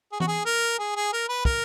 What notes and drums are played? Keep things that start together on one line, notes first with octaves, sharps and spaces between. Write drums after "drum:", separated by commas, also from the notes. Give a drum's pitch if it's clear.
G#4
F#4, drum: tom E3
G#4
A#4
G#4
G#4
A#4
B4
A#4, drum: kick